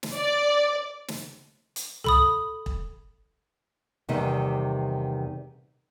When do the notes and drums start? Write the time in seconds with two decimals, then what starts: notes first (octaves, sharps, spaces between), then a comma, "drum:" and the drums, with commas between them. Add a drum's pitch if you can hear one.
0.03 drum: snare
0.15 D5
1.08 drum: snare
1.76 drum: hi-hat
2.04 A4 B5 D#6, drum: tom C2
2.66 drum: kick E1
4.09 E2 C3 D#3 G3 C4